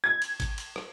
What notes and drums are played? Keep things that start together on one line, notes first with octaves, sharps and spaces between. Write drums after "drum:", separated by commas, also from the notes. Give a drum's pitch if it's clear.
G#6
drum: cymbal
drum: kick, cymbal
drum: cymbal
drum: rim click